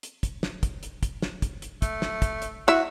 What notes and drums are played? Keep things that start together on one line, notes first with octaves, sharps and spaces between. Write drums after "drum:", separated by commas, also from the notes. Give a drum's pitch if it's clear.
drum: hi-hat
drum: kick, hi-hat
drum: snare
drum: kick, hi-hat
drum: hi-hat
drum: kick, hi-hat
drum: snare
drum: kick, hi-hat
drum: hi-hat
A3, drum: kick, hi-hat
drum: snare
drum: kick, hi-hat
drum: hi-hat
E4 F#4 E5